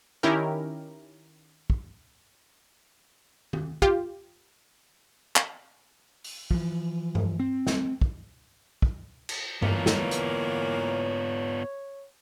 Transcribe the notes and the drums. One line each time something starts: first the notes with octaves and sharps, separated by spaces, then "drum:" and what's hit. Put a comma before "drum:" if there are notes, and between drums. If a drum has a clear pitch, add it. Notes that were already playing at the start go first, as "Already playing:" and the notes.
D#3 C#4 E4 G4 A#4
drum: kick
drum: tom D#3
F4 G4, drum: kick
drum: clap
drum: open hi-hat
E3 F3, drum: kick
drum: tom G2
C4
drum: snare
drum: kick
drum: kick
drum: cymbal
E3 A#3 B3 F4 C#5, drum: tom G2
drum: snare
drum: hi-hat